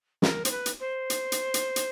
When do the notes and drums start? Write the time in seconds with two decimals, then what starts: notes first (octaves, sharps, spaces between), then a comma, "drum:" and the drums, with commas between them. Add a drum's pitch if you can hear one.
0.22 A#4, drum: snare
0.45 C5, drum: hi-hat
0.51 B4
0.66 drum: hi-hat
0.80 C5
1.10 drum: hi-hat
1.32 drum: hi-hat
1.54 drum: hi-hat
1.76 drum: hi-hat